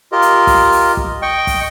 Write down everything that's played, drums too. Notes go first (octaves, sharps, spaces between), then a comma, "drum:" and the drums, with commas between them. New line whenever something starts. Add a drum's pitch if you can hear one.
F4 G4 A#4 D#5
drum: hi-hat
drum: kick, open hi-hat
drum: open hi-hat
drum: kick
D#5 G5 C#6
drum: kick, open hi-hat